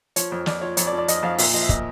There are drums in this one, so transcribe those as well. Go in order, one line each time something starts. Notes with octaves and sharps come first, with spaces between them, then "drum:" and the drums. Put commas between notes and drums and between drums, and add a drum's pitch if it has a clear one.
F3 C#5, drum: hi-hat
F2
F2 D5, drum: snare
F3 C#5
F2 C#5, drum: hi-hat
D5
F3
D5
F2 D#5, drum: hi-hat
F2 F5
A#2 E5, drum: open hi-hat
F3 D#5
E5
A#2 D#5, drum: kick